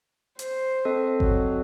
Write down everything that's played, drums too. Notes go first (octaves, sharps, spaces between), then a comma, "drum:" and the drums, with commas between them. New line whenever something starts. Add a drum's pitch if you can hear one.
C5, drum: hi-hat
C4 A4 D#5
F#3, drum: kick G#1